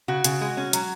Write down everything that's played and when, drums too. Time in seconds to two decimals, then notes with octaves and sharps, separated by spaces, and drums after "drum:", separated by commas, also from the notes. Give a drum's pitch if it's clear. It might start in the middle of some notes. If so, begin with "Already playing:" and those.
0.08 C#3 F#4
0.24 C#3, drum: hi-hat
0.41 G#3
0.57 C#4
0.73 F#3, drum: hi-hat